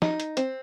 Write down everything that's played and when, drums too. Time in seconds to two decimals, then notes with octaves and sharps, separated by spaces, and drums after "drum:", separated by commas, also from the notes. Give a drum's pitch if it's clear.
0.02 D#4, drum: snare
0.20 drum: hi-hat
0.37 C4, drum: hi-hat